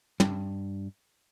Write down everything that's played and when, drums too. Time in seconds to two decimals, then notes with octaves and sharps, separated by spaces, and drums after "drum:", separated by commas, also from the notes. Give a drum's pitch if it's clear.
0.20 G2, drum: tom